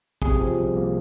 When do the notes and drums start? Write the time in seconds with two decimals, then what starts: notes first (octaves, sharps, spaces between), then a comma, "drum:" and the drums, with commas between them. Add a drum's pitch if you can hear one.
0.22 C3 G#4, drum: kick
0.40 F3
0.58 C2
0.76 A#3